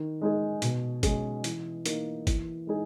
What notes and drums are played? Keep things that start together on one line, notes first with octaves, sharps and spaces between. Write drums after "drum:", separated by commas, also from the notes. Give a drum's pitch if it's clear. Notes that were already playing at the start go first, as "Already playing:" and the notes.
Already playing: D#3
G#3 D#4 G#4
B2, drum: hi-hat
G#3 C#4 G#4, drum: kick, hi-hat
E3, drum: hi-hat
A#3 D#4 A#4, drum: hi-hat
E3, drum: kick, hi-hat
G#3 D#4 G#4